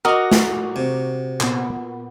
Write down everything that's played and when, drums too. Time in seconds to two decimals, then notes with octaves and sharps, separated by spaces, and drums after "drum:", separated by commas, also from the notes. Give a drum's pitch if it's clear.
0.05 F#4 A#4 D#5 A#5 C#6 D6
0.32 drum: snare
0.76 C3
1.40 A#2 B3, drum: clap